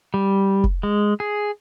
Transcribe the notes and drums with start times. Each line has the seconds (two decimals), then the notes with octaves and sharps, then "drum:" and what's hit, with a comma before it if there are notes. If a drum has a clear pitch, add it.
0.14 G3
0.64 drum: kick F1
0.83 G#3
1.20 G#4